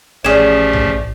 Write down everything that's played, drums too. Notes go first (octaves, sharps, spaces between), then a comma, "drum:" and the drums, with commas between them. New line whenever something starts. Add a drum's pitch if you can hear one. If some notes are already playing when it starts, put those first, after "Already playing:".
A1 F3 A3 C#4 G4 G#4 D5 E7
drum: tom B1